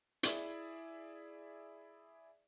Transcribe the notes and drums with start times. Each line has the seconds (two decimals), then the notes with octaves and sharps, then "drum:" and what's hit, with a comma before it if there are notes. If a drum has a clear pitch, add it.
0.23 E4 G#4 D5 E5, drum: hi-hat